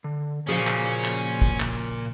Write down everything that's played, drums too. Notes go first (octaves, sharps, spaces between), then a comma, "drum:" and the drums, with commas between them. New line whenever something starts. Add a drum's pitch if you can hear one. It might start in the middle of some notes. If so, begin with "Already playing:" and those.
D3
A#2 C#3 F3 C#4 F#4 G#4 C5 F5
drum: clap
drum: clap
drum: kick
drum: clap